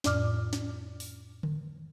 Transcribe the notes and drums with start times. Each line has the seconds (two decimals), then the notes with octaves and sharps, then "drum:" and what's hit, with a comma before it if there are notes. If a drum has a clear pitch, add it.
0.04 F2 A2 D5 D6 F6, drum: snare
0.53 drum: snare
1.00 drum: open hi-hat
1.43 drum: tom D3